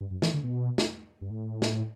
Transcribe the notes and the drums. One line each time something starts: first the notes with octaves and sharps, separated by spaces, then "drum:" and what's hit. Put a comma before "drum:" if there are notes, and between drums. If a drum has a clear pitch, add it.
G2
F#2
E3, drum: snare
D3
B2
drum: snare
G2
A2
drum: snare